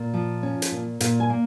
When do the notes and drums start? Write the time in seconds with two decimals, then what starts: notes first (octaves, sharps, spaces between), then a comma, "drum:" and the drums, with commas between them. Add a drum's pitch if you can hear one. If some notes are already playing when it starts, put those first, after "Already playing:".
Already playing: A#2
0.14 F3
0.43 C#4
0.62 drum: hi-hat
0.72 A#2
1.00 A#2 F5, drum: hi-hat
1.20 G#5
1.30 A#3